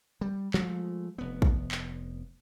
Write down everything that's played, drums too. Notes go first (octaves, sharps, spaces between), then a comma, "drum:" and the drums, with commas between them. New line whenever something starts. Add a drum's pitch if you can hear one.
G3
F3 G#3 A3, drum: clap
F1 B3
drum: kick
drum: clap